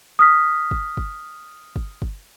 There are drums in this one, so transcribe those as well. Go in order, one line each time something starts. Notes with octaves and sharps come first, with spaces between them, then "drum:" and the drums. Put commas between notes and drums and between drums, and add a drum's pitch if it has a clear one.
D#6 F6 B6
drum: kick
drum: kick
drum: kick
drum: kick